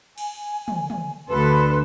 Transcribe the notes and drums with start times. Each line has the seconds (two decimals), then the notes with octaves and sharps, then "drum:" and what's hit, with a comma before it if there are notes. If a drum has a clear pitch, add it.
0.18 G#5, drum: cymbal
0.68 drum: tom
0.90 drum: tom
1.29 D2 D3 A4 B4 C6